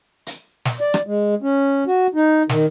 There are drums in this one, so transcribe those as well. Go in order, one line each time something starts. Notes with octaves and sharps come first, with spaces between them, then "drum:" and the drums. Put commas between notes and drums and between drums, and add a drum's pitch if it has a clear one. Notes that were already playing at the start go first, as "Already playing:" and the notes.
drum: hi-hat
drum: snare
D5
drum: rim click
G#3
C#4
F#4
D#4
D#3, drum: snare